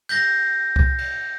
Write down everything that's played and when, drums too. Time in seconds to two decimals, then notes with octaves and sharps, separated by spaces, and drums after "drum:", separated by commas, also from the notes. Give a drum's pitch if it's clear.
0.09 G6 A#6, drum: cymbal
0.76 drum: kick C2
0.98 drum: cymbal